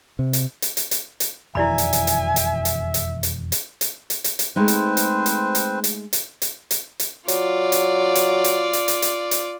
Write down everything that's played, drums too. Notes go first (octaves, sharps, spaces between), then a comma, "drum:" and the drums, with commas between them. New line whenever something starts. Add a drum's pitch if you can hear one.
C3
drum: hi-hat
drum: hi-hat
drum: hi-hat
drum: hi-hat
drum: hi-hat
E1 F2 D#3 E4 D5 E5 G#5 B5
drum: hi-hat
drum: hi-hat
drum: hi-hat
drum: hi-hat
drum: hi-hat
drum: hi-hat
drum: hi-hat
drum: hi-hat
drum: hi-hat
drum: hi-hat
drum: hi-hat
drum: hi-hat
G#3 A3 C4 D#4 B4 C5
drum: hi-hat
drum: hi-hat
drum: hi-hat
drum: hi-hat
drum: hi-hat
drum: hi-hat
drum: hi-hat
drum: hi-hat
drum: hi-hat
F#3 F4 D5, drum: hi-hat
drum: hi-hat
drum: hi-hat
drum: hi-hat
drum: hi-hat
drum: hi-hat
drum: hi-hat
drum: hi-hat